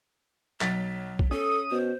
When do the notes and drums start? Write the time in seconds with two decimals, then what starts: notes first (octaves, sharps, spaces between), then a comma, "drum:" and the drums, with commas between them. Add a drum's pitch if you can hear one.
0.61 B1 F#3 A6 B6, drum: clap
1.19 drum: kick B1
1.31 C#4 A4 D#6
1.71 B2 C5